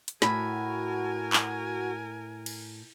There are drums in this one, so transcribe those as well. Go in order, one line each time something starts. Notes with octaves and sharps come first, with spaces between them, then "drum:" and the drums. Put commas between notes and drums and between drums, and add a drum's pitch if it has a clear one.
drum: hi-hat
A2 F#4 A#4 G#5 B5, drum: snare
drum: clap
drum: cymbal